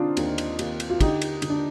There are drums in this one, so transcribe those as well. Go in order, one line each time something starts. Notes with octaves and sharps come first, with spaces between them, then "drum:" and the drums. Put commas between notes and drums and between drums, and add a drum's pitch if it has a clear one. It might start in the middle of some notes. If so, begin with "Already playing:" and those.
Already playing: D3 C4 D4 D#4 F4
D#2, drum: cymbal
drum: cymbal
D#2, drum: cymbal
drum: cymbal
F4
D3 D#4 G4, drum: kick, cymbal
drum: cymbal
D3, drum: cymbal
D4